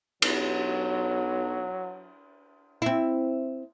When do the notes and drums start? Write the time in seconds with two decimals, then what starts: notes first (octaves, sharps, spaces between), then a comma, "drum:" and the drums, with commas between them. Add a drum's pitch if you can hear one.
0.22 B1 F#3, drum: cymbal
2.82 C4 E4